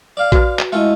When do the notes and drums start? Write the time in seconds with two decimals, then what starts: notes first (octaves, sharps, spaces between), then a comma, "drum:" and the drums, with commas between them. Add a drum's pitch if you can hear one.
0.17 D5 F5
0.32 F#4 B4, drum: kick A#1, hi-hat
0.59 drum: clap
0.72 G#3 A3 E4 F4 D#5